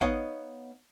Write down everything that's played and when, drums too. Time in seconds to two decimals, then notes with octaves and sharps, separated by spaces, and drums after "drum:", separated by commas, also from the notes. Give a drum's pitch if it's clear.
0.01 B3 D#4 C#5 D#5 F5 F#5, drum: kick